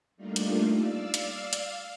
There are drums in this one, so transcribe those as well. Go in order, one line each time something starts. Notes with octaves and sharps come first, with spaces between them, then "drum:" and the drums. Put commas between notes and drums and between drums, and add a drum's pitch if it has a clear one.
G3 A3 A#3 D4 D#4 F4
drum: hi-hat
D5 F5 E6
drum: hi-hat
F5, drum: hi-hat